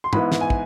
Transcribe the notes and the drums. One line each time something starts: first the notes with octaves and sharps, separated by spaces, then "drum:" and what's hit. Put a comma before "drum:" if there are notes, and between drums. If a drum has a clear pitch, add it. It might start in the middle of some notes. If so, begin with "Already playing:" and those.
C6
G#2 E3 B3 E4 B5, drum: tom
drum: snare
G#5
drum: kick